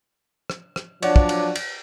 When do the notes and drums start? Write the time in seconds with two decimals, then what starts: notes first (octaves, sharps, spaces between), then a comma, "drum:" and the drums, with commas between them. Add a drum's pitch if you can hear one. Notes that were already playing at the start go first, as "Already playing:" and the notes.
0.50 drum: rim click
0.76 drum: rim click
1.02 F3 F#3 D4 C#5 D5 F#5, drum: cymbal
1.16 drum: kick
1.29 drum: cymbal
1.55 drum: cymbal